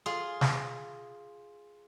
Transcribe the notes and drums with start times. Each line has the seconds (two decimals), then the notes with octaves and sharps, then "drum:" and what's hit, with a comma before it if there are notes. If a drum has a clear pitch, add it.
0.06 F4 G#4
0.41 drum: snare